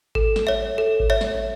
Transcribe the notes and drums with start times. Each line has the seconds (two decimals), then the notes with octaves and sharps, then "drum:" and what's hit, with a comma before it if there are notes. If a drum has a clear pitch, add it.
0.15 A4, drum: kick G#1
0.36 drum: snare
0.47 C#5 E5
0.78 A4
1.00 drum: kick G#1
1.10 C#5 E5
1.21 drum: snare